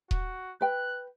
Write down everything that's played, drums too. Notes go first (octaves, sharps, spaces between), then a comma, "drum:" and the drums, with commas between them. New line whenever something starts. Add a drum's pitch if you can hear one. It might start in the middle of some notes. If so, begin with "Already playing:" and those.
F#4, drum: kick D#1
B4 G5 F#6